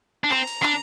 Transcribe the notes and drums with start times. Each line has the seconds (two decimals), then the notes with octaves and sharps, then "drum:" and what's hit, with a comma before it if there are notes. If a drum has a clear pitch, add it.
0.24 D4
0.31 C4 A#5, drum: clap
0.47 drum: open hi-hat
0.63 D4, drum: clap